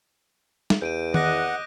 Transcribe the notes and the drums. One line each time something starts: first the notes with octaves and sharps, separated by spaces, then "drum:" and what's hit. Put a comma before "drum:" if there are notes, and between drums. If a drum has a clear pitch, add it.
drum: snare
E2 G6 D7 D#7
D#5 F#5 D6 F#6 A#6, drum: tom D#3